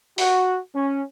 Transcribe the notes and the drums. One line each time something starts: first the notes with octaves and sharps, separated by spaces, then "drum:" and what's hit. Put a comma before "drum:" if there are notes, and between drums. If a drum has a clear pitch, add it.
F#4, drum: open hi-hat
C#4